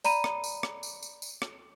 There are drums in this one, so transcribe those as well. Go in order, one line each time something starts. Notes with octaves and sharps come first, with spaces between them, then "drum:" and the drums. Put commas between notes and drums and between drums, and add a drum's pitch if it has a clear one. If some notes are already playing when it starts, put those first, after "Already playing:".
D5 A#5 B5 D#7, drum: tambourine
drum: rim click
drum: tambourine
drum: rim click
drum: tambourine
drum: tambourine
drum: tambourine
drum: rim click